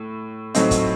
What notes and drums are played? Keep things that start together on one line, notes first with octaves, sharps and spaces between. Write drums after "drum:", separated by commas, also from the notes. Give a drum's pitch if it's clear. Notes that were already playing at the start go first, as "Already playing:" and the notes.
Already playing: A2
A2 F#3 A3 C4 D#4, drum: hi-hat
drum: kick, hi-hat